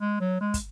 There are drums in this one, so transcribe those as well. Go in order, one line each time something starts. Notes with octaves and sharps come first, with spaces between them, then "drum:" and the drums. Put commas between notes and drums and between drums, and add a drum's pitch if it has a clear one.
G#3
F#3
G#3
drum: kick, hi-hat